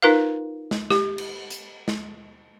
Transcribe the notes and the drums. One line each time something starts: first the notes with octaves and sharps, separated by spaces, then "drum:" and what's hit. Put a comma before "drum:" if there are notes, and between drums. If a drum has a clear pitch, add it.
D#4 F4 A#4 B4 F5
drum: snare
G4, drum: snare
drum: cymbal
drum: hi-hat
drum: snare